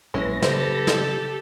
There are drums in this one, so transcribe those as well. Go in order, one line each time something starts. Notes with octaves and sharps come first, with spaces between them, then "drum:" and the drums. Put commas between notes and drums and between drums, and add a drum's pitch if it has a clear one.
A#1 F#3 G#3 A#3 C#4 E4 B4 A#6
C#3 F#3 A#3 G4 A4 C5, drum: snare
drum: snare